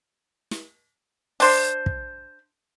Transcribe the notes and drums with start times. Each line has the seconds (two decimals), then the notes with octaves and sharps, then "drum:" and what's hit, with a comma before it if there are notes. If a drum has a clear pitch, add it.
0.51 drum: snare
1.40 D4 C5, drum: open hi-hat
1.86 drum: kick